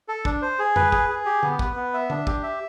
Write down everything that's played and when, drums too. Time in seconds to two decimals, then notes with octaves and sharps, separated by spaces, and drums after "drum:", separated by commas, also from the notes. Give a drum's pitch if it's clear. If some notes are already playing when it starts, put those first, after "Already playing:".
0.08 A4
0.25 D4, drum: kick
0.42 C5
0.59 G#4
0.76 B4, drum: tom F2
0.92 G#4, drum: kick
1.09 G#4
1.26 G4
1.43 B3, drum: tom D3
1.59 B4, drum: kick
1.76 B3
1.94 E5
2.10 D4, drum: tom D3
2.27 G4, drum: kick
2.43 E5